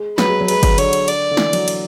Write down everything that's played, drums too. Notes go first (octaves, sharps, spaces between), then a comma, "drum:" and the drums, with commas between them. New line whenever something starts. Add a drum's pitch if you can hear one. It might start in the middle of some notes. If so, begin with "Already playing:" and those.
Already playing: G#3
F#3 B4, drum: snare
G#3
F#3
G#3 B4, drum: cymbal
F#3, drum: kick, cymbal
D3 C#5, drum: cymbal
drum: cymbal
D5, drum: cymbal
D3
E3, drum: snare
F#3, drum: cymbal
drum: cymbal